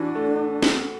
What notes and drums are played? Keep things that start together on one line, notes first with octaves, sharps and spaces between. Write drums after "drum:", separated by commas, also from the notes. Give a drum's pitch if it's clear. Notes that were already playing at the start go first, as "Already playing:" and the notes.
Already playing: E3 D4 F#4
A3
drum: snare